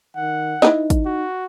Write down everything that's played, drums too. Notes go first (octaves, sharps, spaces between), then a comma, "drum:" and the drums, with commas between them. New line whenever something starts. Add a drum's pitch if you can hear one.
D#3 F#5
D#4 E4 B4 D#5, drum: snare
drum: kick, hi-hat
F#4